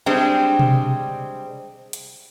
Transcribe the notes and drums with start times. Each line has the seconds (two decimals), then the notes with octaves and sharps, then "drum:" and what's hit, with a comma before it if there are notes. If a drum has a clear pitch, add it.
0.06 G3 G#3 C4 D4
0.59 drum: tom B2
1.93 drum: hi-hat